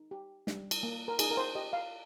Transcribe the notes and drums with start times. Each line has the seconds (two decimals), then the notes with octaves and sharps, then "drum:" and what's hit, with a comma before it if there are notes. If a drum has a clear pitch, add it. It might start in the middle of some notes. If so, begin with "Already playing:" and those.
Already playing: D#4
0.11 G4
0.47 G3, drum: snare
0.71 drum: cymbal
0.83 A#3
1.08 A#4
1.19 D#4 G#4, drum: cymbal
1.31 A#4
1.37 C5
1.55 G4 D#5
1.73 F5